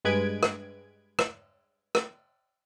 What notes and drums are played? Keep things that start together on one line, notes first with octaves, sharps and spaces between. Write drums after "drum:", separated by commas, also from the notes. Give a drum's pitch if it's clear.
G2 G#3 B4 G#6 D7
drum: rim click
drum: rim click
drum: rim click